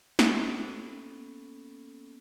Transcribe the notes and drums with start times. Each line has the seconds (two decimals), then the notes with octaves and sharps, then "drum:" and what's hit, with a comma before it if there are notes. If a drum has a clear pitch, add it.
0.19 A#3 B3 C#4 A4, drum: snare